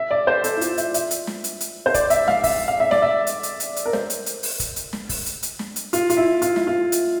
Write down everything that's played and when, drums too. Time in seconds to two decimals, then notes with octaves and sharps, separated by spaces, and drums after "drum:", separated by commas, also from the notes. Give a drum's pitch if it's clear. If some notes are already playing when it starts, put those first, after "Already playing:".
Already playing: E5
0.11 D5
0.27 C5
0.44 A4, drum: hi-hat
0.57 E4
0.61 F4, drum: hi-hat
0.78 E5, drum: hi-hat
0.94 E5, drum: hi-hat
1.11 drum: hi-hat
1.27 drum: snare
1.44 drum: hi-hat
1.60 drum: hi-hat
1.86 C5
1.94 D5, drum: kick, hi-hat
2.10 E5, drum: hi-hat
2.28 F5, drum: snare
2.44 E5, drum: kick, open hi-hat
2.68 F5
2.80 E5
2.91 D5, drum: snare
3.02 E5
3.27 drum: hi-hat
3.43 drum: hi-hat
3.60 drum: hi-hat
3.76 drum: hi-hat
3.85 A#4
3.93 C5, drum: snare
4.10 drum: hi-hat
4.26 drum: hi-hat
4.43 drum: open hi-hat
4.60 drum: kick, hi-hat
4.76 drum: hi-hat
4.93 drum: snare
5.09 drum: kick, open hi-hat
5.26 drum: hi-hat
5.43 drum: hi-hat
5.59 drum: snare
5.76 drum: hi-hat
5.93 F4, drum: hi-hat
6.10 F4, drum: hi-hat
6.17 E4
6.42 F4, drum: hi-hat
6.56 E4, drum: snare
6.67 F4
6.92 drum: hi-hat